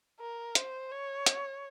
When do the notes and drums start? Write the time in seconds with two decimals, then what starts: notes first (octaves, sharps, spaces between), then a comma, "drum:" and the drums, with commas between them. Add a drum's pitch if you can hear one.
0.20 A#4
0.55 C5, drum: hi-hat
0.91 C#5
1.26 drum: hi-hat